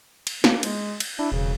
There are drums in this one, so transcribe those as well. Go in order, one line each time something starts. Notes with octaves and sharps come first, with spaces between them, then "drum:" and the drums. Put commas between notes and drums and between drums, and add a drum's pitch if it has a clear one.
drum: cymbal
A#3, drum: snare
G#3, drum: cymbal
drum: cymbal
D4 E4
E1 C#3